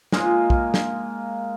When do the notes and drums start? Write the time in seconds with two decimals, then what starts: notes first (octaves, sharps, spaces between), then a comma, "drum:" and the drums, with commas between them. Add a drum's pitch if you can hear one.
0.12 G#3 A#3 D#4 F4, drum: snare
0.50 drum: kick
0.74 drum: snare